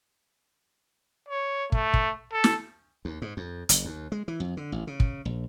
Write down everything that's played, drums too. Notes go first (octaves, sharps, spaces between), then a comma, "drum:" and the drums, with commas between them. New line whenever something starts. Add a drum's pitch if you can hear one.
C#5
A3, drum: kick
drum: kick
A4
drum: snare
D#2
G#2
F2
F#1, drum: hi-hat
D#2
G#3
E3
F2
D3
A1
C#3
drum: kick
A#1